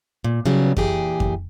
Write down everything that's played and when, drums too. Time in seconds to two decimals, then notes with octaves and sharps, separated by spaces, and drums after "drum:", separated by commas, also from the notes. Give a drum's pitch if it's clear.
0.24 A#2
0.46 C#3 F#3 G3 B3
0.77 A#2 E3 G4 G#4, drum: kick F2
1.20 drum: kick F2